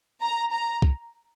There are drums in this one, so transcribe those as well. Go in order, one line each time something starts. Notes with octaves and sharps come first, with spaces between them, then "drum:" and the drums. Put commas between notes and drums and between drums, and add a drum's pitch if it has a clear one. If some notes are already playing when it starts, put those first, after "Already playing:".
A#5
A#5
drum: kick